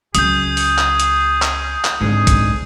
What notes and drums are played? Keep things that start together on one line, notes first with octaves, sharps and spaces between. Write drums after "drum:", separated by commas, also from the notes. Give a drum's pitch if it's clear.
C#2 F#3 G#4 D#6 G6, drum: hi-hat
drum: open hi-hat
drum: clap
drum: hi-hat
drum: clap
drum: clap
G#1 C#2 G#2 D3 G#4
drum: kick, hi-hat